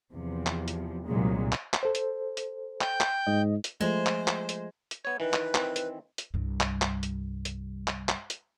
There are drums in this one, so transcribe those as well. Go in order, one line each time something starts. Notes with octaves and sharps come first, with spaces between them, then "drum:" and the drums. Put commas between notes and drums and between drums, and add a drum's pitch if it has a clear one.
E2 C3 F3
drum: clap
drum: hi-hat
C2 A#2 D#3 F#3 G#3
drum: clap
drum: clap
A4 C5
drum: hi-hat
drum: hi-hat
G5 G6, drum: clap
drum: clap
G#2 D#5
drum: hi-hat
F3 G#3 A3 C5
drum: clap
drum: clap
drum: hi-hat
drum: hi-hat
B3 C#5 G#6
D#3 E3 B4
drum: clap
D#3 E3 C4, drum: clap
drum: hi-hat
drum: hi-hat
C2 G2
drum: clap
drum: clap
drum: hi-hat
drum: hi-hat
drum: clap
drum: clap
drum: hi-hat